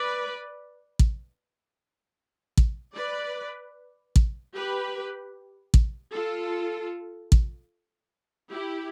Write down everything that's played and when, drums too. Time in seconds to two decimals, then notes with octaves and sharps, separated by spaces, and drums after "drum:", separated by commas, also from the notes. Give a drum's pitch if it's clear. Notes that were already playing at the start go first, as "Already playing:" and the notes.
Already playing: B4 D5
0.99 drum: kick
2.58 drum: kick
2.97 B4 D5
4.16 drum: kick
4.55 G4 B4
5.74 drum: kick
6.13 F4 A4
7.32 drum: kick
8.51 E4 G4